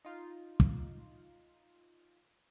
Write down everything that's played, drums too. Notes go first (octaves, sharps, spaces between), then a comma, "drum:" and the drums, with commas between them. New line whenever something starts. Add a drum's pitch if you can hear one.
D#4 F4
drum: kick